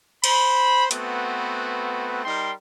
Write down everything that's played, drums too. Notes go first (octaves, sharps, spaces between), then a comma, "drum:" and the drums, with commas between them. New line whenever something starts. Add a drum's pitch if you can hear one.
C5 B5, drum: cymbal
A3 B3 C4 F#4 B4, drum: hi-hat
G3 D#4 A#4 G5 C6